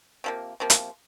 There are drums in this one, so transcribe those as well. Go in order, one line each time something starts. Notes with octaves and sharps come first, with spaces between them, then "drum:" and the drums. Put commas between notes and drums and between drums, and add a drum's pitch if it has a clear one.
C3 F3 A#3
C3 F3 A#3
drum: hi-hat